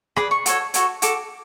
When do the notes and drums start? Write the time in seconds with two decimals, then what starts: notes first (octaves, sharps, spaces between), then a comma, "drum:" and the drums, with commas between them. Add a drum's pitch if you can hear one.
0.16 G#4 B4 D5 B5, drum: rim click
0.31 C#6
0.46 F#4 A4 C#5, drum: hi-hat
0.74 F#4 A4 C#5, drum: hi-hat
1.02 F#4 A4 D6, drum: hi-hat